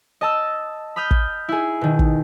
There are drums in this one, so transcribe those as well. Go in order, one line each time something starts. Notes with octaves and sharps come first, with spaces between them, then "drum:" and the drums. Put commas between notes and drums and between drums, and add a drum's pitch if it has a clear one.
D#5 A5 E6
B5 D#6 F6 G6
drum: kick
E4 G#4
B2 D#3
drum: kick